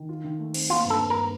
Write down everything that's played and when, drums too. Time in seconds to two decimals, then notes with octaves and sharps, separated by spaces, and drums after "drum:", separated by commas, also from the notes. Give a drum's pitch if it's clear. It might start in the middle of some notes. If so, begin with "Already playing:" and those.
Already playing: D#3
0.09 F4
0.24 D#3
0.39 A3
0.54 C4, drum: cymbal
0.70 A#3 F4
0.85 G2
0.90 A4
1.00 G2
1.10 A#4